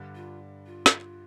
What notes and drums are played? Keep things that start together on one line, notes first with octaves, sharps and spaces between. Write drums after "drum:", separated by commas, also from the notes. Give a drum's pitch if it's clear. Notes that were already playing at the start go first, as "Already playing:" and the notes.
Already playing: G2 D3 G3
F4
F4
drum: snare